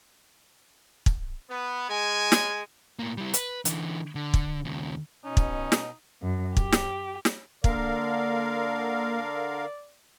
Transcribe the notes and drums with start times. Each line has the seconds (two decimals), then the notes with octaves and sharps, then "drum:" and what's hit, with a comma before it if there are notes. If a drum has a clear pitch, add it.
1.06 drum: kick
1.49 B3
1.88 G#3 G#5
2.32 drum: snare
2.99 A2 A#3
3.17 G3 E4
3.34 B4, drum: hi-hat
3.65 D3 E3, drum: hi-hat
4.15 D3
4.34 drum: kick
4.65 D#2 C#3
5.24 B2 C#4 D#4
5.37 drum: kick
5.72 drum: snare
6.21 F#2
6.57 G4, drum: kick
6.72 drum: snare
7.25 drum: snare
7.64 D3 A#3 A#4 D5 F5, drum: kick